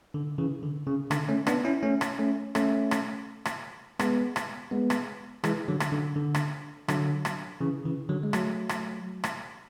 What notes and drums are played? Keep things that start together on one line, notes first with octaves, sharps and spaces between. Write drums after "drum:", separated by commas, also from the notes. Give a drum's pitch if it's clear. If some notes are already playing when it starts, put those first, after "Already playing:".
D3
C#3 E3
D3
C#3
D3, drum: rim click
A3 C#4
B3 D4, drum: rim click
C#4 E4
A3 C#4
drum: rim click
A3 C#4
A3 C#4, drum: rim click
drum: rim click
drum: rim click
G#3 B3, drum: rim click
drum: rim click
G#3 B3
drum: rim click
E3 G#3, drum: rim click
D3 F#3
drum: rim click
D3
D3
drum: rim click
D3 F#3, drum: rim click
drum: rim click
C#3 E3
C#3 E3
D3 F#3
G#3
F#3 A3, drum: rim click
drum: rim click
drum: rim click